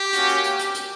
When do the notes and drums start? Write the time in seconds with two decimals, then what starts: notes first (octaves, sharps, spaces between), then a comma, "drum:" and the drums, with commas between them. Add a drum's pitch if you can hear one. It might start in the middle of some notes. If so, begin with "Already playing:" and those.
Already playing: G4
0.13 A#3 C#4 F#4, drum: hi-hat
0.29 drum: hi-hat
0.44 drum: hi-hat
0.59 drum: hi-hat
0.75 drum: hi-hat